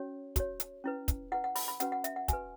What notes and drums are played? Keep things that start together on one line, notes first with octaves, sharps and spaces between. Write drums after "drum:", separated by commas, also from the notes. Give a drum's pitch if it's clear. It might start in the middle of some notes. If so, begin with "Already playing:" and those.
Already playing: C#4 F#4 C#5
F#4 C#5, drum: kick, hi-hat
drum: hi-hat
C#4 E4 B4
drum: kick, hi-hat
E4 B4 F#5
F#5
B5, drum: open hi-hat
B5
C#4 F#4 B4 F#5, drum: hi-hat
F#5
E5, drum: hi-hat
F#5
F#4 B4 G#5, drum: kick, hi-hat